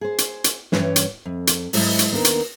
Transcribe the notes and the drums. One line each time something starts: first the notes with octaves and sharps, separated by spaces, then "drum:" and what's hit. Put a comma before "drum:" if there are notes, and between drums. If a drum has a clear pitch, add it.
G#4 C5
drum: hi-hat
drum: hi-hat
G2 E3 C#4 C#5 G5, drum: snare
drum: hi-hat
F2
drum: hi-hat
G#2 F#3 G#3 E4 C5 D#5, drum: open hi-hat
drum: hi-hat
D#2 B3 D4 D#4 A#4
drum: hi-hat